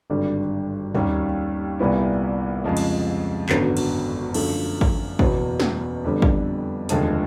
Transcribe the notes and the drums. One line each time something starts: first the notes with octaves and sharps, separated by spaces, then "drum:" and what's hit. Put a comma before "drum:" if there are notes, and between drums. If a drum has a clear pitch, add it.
G#1 G2 D3 G3
D#2 D#3 G3 A#3 C#4, drum: tom
C2 A#2 G3 B3 E4
F2 C#3 F3 G#3
drum: cymbal
G#1 F#2 D3 F#3 B3, drum: clap
drum: cymbal
F#2 D3 F3 A3, drum: cymbal
drum: kick
F#1 E2 B2 F#3 B3, drum: kick
drum: snare
F2 D3 G3 B3
drum: kick
F1 D#2 D3 F3 G#3, drum: hi-hat